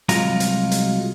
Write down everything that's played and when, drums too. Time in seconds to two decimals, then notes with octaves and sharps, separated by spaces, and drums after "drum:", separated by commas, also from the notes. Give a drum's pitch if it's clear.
0.09 C2 F#3 G#3 F4 A#5, drum: hi-hat
0.40 drum: hi-hat
0.71 drum: hi-hat